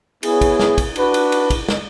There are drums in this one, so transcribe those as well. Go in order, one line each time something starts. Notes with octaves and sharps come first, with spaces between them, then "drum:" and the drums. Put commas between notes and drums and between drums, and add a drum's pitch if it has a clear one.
B3 E4 G#4 C#5, drum: cymbal
drum: kick, cymbal
drum: snare
drum: kick, cymbal
D4 F#4 B4, drum: cymbal
drum: cymbal
drum: cymbal
drum: kick, cymbal
drum: snare